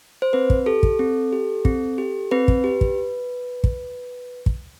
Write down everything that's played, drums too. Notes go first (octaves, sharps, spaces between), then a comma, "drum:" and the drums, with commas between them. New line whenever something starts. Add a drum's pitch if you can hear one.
C5
C4 B4
drum: kick
G4 A4
drum: kick
C4
G4
C4, drum: kick
G4
C4 B4
drum: kick
G4
drum: kick
drum: kick
drum: kick